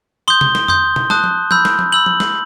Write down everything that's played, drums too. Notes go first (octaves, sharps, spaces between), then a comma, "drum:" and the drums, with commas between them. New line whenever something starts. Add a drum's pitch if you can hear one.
C6 D#6 G6 G7
drum: tom C3
drum: snare
C6 D#6 G6, drum: tom F2
drum: tom
A5 D#6 F#6, drum: snare
drum: tom F3
B5 E6 G6, drum: tom F3
drum: snare
drum: tom F3
B5 E6 G6 F#7
drum: tom F3
drum: snare